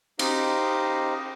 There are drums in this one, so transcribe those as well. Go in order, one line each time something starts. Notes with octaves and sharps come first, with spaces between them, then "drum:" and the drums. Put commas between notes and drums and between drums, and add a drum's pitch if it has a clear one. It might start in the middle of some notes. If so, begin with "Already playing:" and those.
D#4 G4 C5 D#5 F5, drum: cymbal